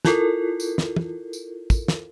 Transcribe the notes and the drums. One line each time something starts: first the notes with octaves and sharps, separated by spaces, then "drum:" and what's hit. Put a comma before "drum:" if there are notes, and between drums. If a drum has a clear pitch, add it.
E4 F4 A4 A#4, drum: snare
drum: tambourine
drum: snare
drum: tom
drum: tambourine
drum: kick, tambourine
drum: snare